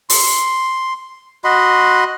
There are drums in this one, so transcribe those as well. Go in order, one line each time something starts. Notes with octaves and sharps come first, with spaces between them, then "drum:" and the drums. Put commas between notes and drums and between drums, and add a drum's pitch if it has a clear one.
C6, drum: open hi-hat
F#4 D#5 B5 C6